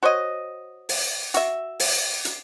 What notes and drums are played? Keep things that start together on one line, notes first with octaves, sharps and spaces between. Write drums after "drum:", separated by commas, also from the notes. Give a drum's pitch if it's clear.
F#4 C5 C#5 D#5
drum: open hi-hat
F#4 E5, drum: hi-hat
drum: open hi-hat
drum: hi-hat